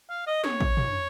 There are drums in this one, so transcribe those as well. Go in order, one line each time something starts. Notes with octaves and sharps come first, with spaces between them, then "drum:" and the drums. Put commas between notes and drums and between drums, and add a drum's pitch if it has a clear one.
F5
D#5
C#5, drum: snare
drum: kick
drum: tom